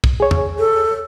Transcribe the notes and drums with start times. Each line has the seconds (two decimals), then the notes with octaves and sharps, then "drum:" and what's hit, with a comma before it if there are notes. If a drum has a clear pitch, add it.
0.04 drum: kick
0.20 G#4 C#5
0.31 drum: tom E2
0.59 A4